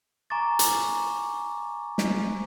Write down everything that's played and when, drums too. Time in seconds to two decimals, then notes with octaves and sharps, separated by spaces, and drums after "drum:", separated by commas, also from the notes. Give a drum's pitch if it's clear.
0.30 G#5 A#5 C#6 D6 A6
0.59 drum: hi-hat
1.98 drum: snare